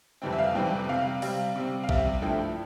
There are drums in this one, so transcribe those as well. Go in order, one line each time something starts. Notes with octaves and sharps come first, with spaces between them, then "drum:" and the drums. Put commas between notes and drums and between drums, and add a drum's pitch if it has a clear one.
F2 C3 E3 G3 C4 G5
E5
F5
F2 C3 E3 G3 C4 G5, drum: tom E3
C3 G3 C4 F5
C3 G3 C4, drum: open hi-hat
C3 G3 C4
F5
C3 G3 C4 E5, drum: kick A#1
G2 F3 A3 E4 G5